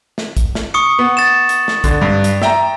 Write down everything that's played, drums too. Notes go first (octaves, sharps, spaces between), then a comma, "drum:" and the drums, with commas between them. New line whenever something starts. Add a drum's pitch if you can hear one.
drum: snare
drum: kick A#1, hi-hat
drum: snare
C#6 D#6 C#7
B3
A6 E7
drum: hi-hat
drum: snare
D3, drum: kick A#1, hi-hat
G2
drum: hi-hat
E5 G5 A#5, drum: snare